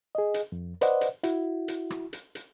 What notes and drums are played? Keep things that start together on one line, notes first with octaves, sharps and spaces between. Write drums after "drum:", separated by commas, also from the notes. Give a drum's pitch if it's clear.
G#4 D#5
drum: hi-hat
F2
B4 C5 D5 D#5 F#5, drum: hi-hat
drum: hi-hat
E4 F#4, drum: hi-hat
drum: hi-hat
drum: rim click
drum: hi-hat
drum: hi-hat